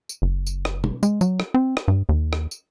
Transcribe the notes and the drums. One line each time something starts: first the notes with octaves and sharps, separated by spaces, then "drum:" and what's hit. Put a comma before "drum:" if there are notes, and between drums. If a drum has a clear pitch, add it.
drum: tambourine
F#1
drum: tambourine
drum: rim click
drum: tom
G#3, drum: tambourine
F#3, drum: tambourine
drum: rim click
C4
drum: rim click
G2
D#2
drum: rim click
drum: tambourine